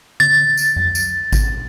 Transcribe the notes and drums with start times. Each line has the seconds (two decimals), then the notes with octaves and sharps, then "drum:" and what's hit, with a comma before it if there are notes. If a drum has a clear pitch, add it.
0.20 A6, drum: tom D3
0.57 drum: tambourine
0.76 drum: tom F2
0.95 drum: tambourine
1.32 drum: kick G#1, tambourine